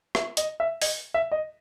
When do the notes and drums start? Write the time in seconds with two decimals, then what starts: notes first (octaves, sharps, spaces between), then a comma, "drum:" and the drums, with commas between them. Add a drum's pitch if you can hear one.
0.15 E5, drum: rim click
0.37 D#5, drum: hi-hat
0.60 E5
0.82 D#5, drum: open hi-hat
1.14 E5
1.32 D#5